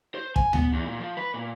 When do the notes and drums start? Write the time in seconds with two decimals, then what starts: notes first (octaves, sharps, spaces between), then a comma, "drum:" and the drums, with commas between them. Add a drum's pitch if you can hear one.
0.15 C5
0.36 G#5, drum: kick
0.53 B3, drum: tom D2
0.73 E2
0.86 A#2
0.99 F3
1.17 B4
1.34 A#2